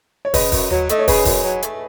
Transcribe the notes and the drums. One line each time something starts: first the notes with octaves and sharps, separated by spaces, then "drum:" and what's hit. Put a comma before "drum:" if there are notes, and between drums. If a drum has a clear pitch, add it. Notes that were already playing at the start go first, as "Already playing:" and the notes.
C#5
C#3 B4 D#5, drum: kick, open hi-hat
F#2, drum: kick, open hi-hat
F#3, drum: tom D#2
A3 D#5, drum: hi-hat
C#5
C#3 G#4 B4, drum: kick, open hi-hat
F#2, drum: kick, open hi-hat
F#3
A3, drum: hi-hat